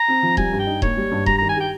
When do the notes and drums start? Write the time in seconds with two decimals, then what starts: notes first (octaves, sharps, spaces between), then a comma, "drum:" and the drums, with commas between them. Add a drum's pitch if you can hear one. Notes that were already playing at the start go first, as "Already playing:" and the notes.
Already playing: A#5
0.08 C4
0.22 F3
0.37 G3 G#5, drum: kick D#1
0.53 G2
0.59 G5
0.67 D#4
0.82 A#3 C#5, drum: kick D#1
0.97 G3
1.12 G2
1.26 G3 A#5, drum: kick D#1
1.38 D#3 A#5
1.49 G#5
1.56 G4 G5